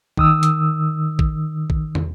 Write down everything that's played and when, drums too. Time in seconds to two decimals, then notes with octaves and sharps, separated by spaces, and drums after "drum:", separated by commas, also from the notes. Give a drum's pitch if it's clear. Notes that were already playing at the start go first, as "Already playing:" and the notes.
0.17 D#3 D#6 E6, drum: kick
0.43 drum: hi-hat
1.19 drum: kick
1.70 drum: kick
1.95 drum: tom